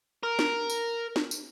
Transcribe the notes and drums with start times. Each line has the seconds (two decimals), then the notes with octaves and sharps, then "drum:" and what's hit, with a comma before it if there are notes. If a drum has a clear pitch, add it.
0.23 A#4
0.39 drum: snare
0.70 drum: tambourine
1.16 drum: snare
1.31 drum: tambourine